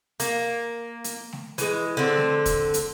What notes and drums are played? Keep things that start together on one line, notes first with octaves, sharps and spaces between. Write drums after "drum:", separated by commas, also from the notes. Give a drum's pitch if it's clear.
A#3, drum: hi-hat
drum: hi-hat
drum: snare A3
E3 G#3, drum: hi-hat
D3 C4
drum: snare A3
drum: kick, hi-hat
drum: hi-hat